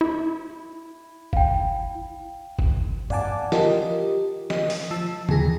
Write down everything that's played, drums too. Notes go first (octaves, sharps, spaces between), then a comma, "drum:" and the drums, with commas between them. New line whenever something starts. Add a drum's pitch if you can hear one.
E4
F5 G5, drum: kick
drum: kick
D5 F5 F#5 G#5 A5 D6, drum: tom
F4 G4 A#4 D#5, drum: snare
D#5, drum: snare
drum: open hi-hat
F3 A5 E6
D#2 E3 G#4 A#6, drum: tom C#3